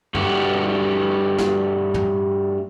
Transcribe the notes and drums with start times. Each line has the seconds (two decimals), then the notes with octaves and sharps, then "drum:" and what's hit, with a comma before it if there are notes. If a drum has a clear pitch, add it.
0.15 G2 A3 F#4 G4, drum: tom
1.38 drum: snare
1.94 drum: tom